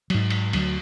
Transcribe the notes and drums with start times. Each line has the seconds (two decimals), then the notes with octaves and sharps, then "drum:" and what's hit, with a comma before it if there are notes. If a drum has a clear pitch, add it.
0.10 G#2 F#3, drum: cymbal
0.30 drum: cymbal
0.53 D2 F#3, drum: cymbal